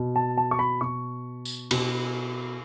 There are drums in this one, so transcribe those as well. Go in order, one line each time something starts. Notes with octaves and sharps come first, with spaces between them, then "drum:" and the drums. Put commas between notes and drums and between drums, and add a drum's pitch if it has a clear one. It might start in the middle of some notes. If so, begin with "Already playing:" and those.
Already playing: B2
A5
A5
C#6
B5
B2 C#6
drum: tambourine
B2, drum: cymbal